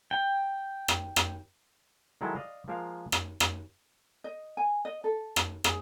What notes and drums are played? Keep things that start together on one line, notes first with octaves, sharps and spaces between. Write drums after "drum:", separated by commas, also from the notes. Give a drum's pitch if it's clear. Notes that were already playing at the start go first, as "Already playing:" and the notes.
G5
drum: rim click
drum: rim click
D#3 F#3 G#3 E4 A4
D5 D#5 F5
F3 G#3 A#3 A#4 F5
drum: rim click
drum: rim click
D#5
G#5
D#5
A4
drum: rim click
G#4, drum: rim click